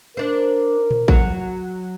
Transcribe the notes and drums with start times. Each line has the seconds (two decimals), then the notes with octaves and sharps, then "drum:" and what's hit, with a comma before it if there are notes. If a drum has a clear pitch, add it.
0.17 D4 A#4 C5
0.91 drum: tom A#2
1.08 F#3, drum: kick A1